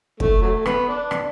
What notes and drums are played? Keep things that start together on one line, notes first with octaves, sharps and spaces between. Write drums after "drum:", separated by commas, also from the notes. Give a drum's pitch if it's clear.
A3, drum: kick
F#3 A3
B3, drum: rim click
D4
drum: rim click